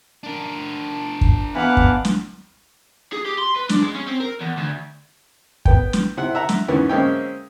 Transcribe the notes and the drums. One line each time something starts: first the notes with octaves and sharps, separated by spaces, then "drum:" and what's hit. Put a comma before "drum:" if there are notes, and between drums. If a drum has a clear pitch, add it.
D4 A#4
drum: kick
E3 B3 F5 F#5 D6
drum: kick
drum: snare
G#4
G4
C6
B4
D4, drum: snare
G#3
C#4
C4
A#4
E2
D2
B3 G5, drum: kick
drum: snare
C3 E4 F#5
E5 F#5 A#5
drum: snare
E2 G#2 E3 B3 C#4
G#3 A#3 C4 C#4 E5 G5